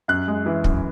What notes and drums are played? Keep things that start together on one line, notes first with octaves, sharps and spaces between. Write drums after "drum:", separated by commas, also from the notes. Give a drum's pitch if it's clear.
F#2 F#6
G#3
E3
F#2, drum: kick